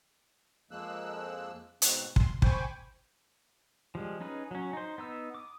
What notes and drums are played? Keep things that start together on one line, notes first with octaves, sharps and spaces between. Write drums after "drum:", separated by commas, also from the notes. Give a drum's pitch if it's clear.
F2 F3 G#3 A#3 E6 F#6
G#2 B2 C4 F#6, drum: hi-hat
C6, drum: kick
C5 G5 G#5 B5 C#6 D6, drum: kick
F3 G3 G#3
C#4 D#4 G#4 B4
F#3 C#4
D#4 C5
B3 D#4 E6
D6 D#6